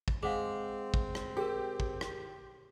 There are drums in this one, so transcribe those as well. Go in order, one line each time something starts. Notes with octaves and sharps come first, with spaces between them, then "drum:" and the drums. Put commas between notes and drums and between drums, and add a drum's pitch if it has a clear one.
drum: kick
G#3 C4 F5 F#5 D6
drum: kick
drum: rim click
G4 G#4 A#4
drum: kick
drum: rim click